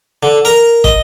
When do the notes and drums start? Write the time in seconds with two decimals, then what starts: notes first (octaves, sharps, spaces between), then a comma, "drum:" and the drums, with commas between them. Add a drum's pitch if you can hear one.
0.23 D3
0.45 A#4 A#5
0.84 D#5, drum: kick